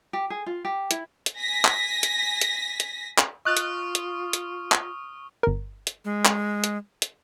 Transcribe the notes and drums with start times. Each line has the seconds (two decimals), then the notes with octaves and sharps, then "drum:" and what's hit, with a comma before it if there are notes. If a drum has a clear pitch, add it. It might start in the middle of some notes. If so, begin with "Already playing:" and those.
0.13 G4
0.30 G#4
0.46 F4
0.65 G4
0.91 E4, drum: hi-hat
1.26 drum: hi-hat
1.37 G#5 A#6 B6
1.65 drum: clap
2.03 drum: hi-hat
2.41 drum: hi-hat
2.80 drum: hi-hat
3.18 drum: clap
3.45 F4 D#5 C#6 D#6 F6 F#6 A6
3.57 drum: hi-hat
3.95 drum: hi-hat
4.33 drum: hi-hat
4.72 drum: clap
5.43 G1 A#4
5.87 drum: hi-hat
6.05 G#3
6.25 drum: clap
6.64 drum: hi-hat
7.02 drum: hi-hat